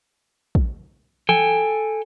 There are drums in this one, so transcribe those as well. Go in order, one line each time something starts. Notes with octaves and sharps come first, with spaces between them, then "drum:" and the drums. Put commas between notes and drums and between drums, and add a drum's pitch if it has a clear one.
drum: kick
A4 G5 G#5, drum: tom E3